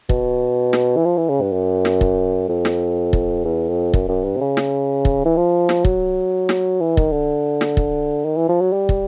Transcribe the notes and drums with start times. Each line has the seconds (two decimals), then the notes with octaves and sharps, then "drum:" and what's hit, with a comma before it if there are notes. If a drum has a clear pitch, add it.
0.09 B2, drum: kick
0.73 drum: snare
0.97 E3
1.05 F3
1.17 E3
1.29 C#3
1.41 G2
1.53 F#2
1.85 drum: snare
2.01 drum: kick
2.49 F2
2.65 drum: snare
3.13 drum: kick
3.45 E2
3.70 F2
3.94 F#2, drum: kick
4.09 F#2
4.25 G2
4.36 C3
4.41 C#3
4.57 drum: snare
5.05 drum: kick
5.25 E3
5.37 F3
5.69 drum: snare
5.85 F#3, drum: kick
6.49 drum: snare
6.81 E3
6.97 D#3, drum: kick
7.12 D3
7.61 drum: snare
7.77 drum: kick
8.25 D#3
8.36 E3
8.49 F3
8.61 F#3
8.72 G3
8.89 drum: kick